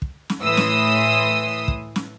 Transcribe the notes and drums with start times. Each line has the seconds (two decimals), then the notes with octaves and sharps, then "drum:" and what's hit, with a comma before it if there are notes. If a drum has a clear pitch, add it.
0.02 drum: kick
0.30 drum: snare
0.43 A2 E3 C6 D#6 E6
0.57 drum: snare
1.68 drum: kick
1.96 drum: snare